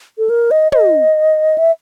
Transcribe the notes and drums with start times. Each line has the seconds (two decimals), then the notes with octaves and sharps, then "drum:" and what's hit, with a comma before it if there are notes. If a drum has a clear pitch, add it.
0.18 A4
0.29 A#4
0.51 D#5
0.72 D#5, drum: tom
1.58 E5